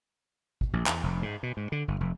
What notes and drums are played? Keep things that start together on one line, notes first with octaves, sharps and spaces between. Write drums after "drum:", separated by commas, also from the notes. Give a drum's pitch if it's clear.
drum: kick
A#1
E2, drum: clap
F1
G#2
B2
G#2
D3
G1
F1